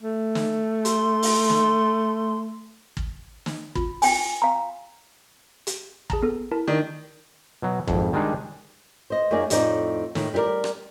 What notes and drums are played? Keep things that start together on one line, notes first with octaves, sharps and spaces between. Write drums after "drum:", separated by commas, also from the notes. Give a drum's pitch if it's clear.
A3
drum: snare
C6, drum: hi-hat
drum: open hi-hat
drum: snare
drum: kick
drum: snare
F4, drum: kick
G5 G#5, drum: open hi-hat
F5 A#5
drum: hi-hat
G#4 A5 A#5, drum: kick
B3 A4
E4 A#4 A5
D#3 D4
B2 F#3
G#1 F2, drum: kick
D#3 G3 G#3 D4 D#4
C5 D#5
F#2 A#3 D#4 G#4 D5
F2 A2 C4 D#4 D5, drum: hi-hat
A2 D#3, drum: snare
G3 E4 A4 A#4 D5
drum: rim click